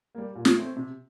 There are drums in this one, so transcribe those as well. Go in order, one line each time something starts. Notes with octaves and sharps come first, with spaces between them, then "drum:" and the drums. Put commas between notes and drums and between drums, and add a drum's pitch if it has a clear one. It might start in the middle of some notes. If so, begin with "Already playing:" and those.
G3 A#3
A#2
drum: snare
A3 C4
C3